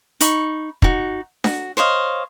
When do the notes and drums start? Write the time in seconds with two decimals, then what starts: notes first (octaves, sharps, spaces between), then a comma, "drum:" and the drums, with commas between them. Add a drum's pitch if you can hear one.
0.20 D#4 B5 C#6, drum: hi-hat
0.82 D#4 F#4, drum: kick
1.44 F#4, drum: snare D4
1.77 C5 C#5 D#5 F5